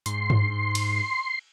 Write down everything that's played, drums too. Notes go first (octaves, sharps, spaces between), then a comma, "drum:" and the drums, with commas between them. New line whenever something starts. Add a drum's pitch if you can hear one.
G#2 C6, drum: hi-hat
drum: tom G2
drum: cymbal